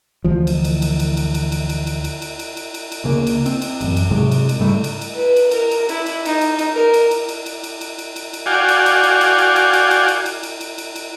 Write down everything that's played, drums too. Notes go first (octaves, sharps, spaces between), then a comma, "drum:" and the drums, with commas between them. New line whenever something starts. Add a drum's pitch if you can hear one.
D2 E3 F3
drum: cymbal
drum: cymbal
drum: cymbal
drum: cymbal
drum: cymbal
drum: cymbal
drum: cymbal
drum: cymbal
drum: cymbal
drum: cymbal
drum: cymbal
drum: cymbal
drum: cymbal
drum: cymbal
drum: cymbal
D2 C#3 A#3
drum: cymbal
C4, drum: cymbal
drum: cymbal
A1 F#2, drum: cymbal
drum: cymbal
G#2 C3 F#3 G#3
drum: cymbal
drum: cymbal
G#2 C#3 G3 A3
drum: cymbal
drum: cymbal
B4
drum: cymbal
A#4, drum: cymbal
drum: cymbal
E4, drum: cymbal
drum: cymbal
D#4, drum: cymbal
drum: cymbal
drum: cymbal
A#4
drum: cymbal
drum: cymbal
drum: cymbal
drum: cymbal
drum: cymbal
drum: cymbal
drum: cymbal
drum: cymbal
drum: cymbal
F#4 D5 F5 G5 G#5
drum: cymbal
drum: cymbal
drum: cymbal
drum: cymbal
drum: cymbal
drum: cymbal
drum: cymbal
drum: cymbal
drum: cymbal
drum: cymbal
drum: cymbal
drum: cymbal
drum: cymbal
drum: cymbal